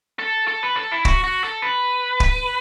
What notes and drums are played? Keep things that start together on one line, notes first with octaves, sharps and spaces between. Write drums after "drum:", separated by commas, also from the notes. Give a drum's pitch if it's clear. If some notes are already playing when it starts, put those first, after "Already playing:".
A4
A4
B4
A4
E4
F#4, drum: kick
F#4
A4
B4
drum: kick